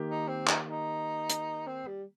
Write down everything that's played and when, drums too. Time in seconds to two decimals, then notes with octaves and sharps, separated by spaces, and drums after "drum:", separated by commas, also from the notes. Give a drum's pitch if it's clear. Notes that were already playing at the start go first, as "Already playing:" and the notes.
Already playing: D#3 A#3 G4
0.09 D#4
0.28 C4
0.47 D#4, drum: clap
0.68 D#4
1.30 drum: hi-hat
1.67 C4
1.87 G3